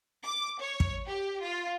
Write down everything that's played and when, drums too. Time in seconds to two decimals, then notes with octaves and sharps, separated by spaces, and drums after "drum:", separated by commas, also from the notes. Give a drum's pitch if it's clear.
0.24 D6
0.60 C#5
0.80 drum: kick
1.07 G4
1.42 F4